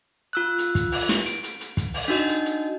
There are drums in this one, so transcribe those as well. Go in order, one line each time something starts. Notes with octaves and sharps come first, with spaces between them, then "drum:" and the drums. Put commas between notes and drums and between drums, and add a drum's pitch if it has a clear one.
F4 E6 F#6
drum: hi-hat
drum: kick, hi-hat
drum: open hi-hat
drum: snare
D7, drum: hi-hat
drum: hi-hat
drum: hi-hat
drum: kick, hi-hat
drum: open hi-hat
D4 D#4 F#4 D#5
drum: hi-hat
drum: hi-hat